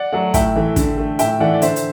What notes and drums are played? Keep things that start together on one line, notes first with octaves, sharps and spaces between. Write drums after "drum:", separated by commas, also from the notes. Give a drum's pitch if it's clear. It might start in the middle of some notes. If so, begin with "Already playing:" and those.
Already playing: D5 F#5
F#3 A3 D5 F#5
A2 E5 G5, drum: kick, hi-hat
E3 A3
D3, drum: kick, hi-hat
A3
A2 E5 G5, drum: hi-hat
E3 A3 D5 F#5
D5
D3 C5 E5, drum: hi-hat
drum: hi-hat